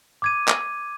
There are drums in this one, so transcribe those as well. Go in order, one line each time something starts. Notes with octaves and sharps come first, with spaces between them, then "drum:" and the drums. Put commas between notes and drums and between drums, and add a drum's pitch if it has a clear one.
D6 G#6 D#7
drum: clap